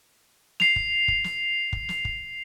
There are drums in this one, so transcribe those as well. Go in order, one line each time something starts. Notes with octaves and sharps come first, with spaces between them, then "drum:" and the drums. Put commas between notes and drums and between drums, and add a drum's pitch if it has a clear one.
C7 F7, drum: snare
drum: kick
drum: kick
drum: snare
drum: kick
drum: snare
drum: kick